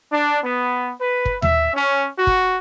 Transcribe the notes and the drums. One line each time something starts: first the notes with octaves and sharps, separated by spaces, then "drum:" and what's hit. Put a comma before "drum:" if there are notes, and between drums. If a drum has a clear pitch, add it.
D4
B3
B4
drum: kick
E5, drum: tom D#2
C#4
F#4
drum: kick